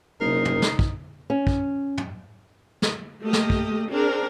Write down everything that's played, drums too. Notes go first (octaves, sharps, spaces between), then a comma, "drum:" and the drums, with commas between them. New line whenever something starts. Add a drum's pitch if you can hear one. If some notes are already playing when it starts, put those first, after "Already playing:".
F#1 C3 D#4 A#4 C7
drum: tom
drum: snare
drum: kick
C#4
drum: kick
drum: tom
drum: snare
A3 A#3 G4 D#5
drum: snare
drum: kick
C4 D4 G#4 A#4